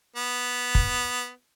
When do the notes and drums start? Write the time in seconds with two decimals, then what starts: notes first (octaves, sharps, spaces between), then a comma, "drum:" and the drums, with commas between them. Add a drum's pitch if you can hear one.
0.16 B3
0.75 drum: kick